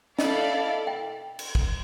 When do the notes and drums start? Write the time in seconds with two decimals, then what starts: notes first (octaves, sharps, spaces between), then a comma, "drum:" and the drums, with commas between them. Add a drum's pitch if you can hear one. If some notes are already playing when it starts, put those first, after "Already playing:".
0.19 E4 A4 D5 D#5 F5, drum: snare
0.54 D#5
0.87 G5
1.39 drum: cymbal
1.55 drum: kick